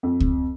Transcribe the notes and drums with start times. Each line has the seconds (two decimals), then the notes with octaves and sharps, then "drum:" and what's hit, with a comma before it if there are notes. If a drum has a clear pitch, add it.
0.03 F2
0.20 drum: kick C#2